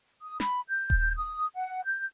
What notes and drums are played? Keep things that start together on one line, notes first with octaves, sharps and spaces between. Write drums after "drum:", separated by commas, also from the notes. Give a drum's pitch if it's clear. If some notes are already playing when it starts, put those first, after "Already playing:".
D#6
B5, drum: snare
G6
drum: kick D#1
D#6
F#5
G6